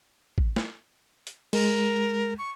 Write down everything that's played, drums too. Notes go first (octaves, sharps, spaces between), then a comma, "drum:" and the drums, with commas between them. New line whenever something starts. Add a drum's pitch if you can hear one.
drum: kick A1
drum: snare
drum: hi-hat
G#3 A#4, drum: cymbal
C#6